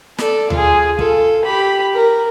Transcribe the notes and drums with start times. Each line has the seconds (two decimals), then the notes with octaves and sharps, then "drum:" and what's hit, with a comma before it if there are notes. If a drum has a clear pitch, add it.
0.18 A4 D5, drum: snare
0.50 F4 G#4, drum: tom D2
0.99 F4 A4, drum: kick
1.44 G4 B5
1.94 A#4